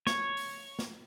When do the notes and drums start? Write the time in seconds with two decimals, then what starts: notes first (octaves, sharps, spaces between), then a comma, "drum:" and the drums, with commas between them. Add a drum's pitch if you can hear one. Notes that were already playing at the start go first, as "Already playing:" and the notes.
0.07 C#5, drum: snare
0.37 drum: open hi-hat
0.79 drum: snare